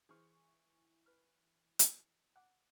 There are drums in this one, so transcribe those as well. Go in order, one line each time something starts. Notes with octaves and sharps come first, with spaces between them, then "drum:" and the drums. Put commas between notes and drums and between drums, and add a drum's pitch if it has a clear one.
E3 G#4 C5 C#6 F6
B4 F6
drum: hi-hat
F#5 D6